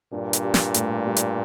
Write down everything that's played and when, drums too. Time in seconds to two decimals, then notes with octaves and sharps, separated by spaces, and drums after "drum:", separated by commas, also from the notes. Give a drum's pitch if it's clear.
0.12 G2 A#2 D4
0.33 drum: hi-hat
0.43 G4
0.54 drum: snare
0.74 A2, drum: hi-hat
1.06 G3
1.17 drum: hi-hat